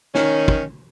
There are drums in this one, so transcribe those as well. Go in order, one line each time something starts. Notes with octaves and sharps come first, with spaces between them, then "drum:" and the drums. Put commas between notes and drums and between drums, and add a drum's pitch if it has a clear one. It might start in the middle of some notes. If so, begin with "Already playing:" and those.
D#3 C#4, drum: snare
drum: kick